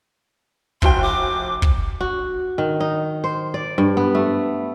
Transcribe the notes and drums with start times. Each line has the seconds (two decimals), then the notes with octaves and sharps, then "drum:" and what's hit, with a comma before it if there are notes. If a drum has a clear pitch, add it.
0.82 F1 F#4 G5 C6, drum: kick
1.02 D6
1.62 drum: kick
2.01 F#4
2.58 D#3
2.80 D#4
3.24 C5
3.54 D5
3.78 G2
3.97 B3
4.15 A3